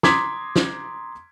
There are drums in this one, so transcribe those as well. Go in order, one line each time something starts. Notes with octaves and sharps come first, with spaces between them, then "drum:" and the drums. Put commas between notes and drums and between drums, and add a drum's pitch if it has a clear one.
A#5 C6 D6 D#6 G#6 B6, drum: snare
drum: snare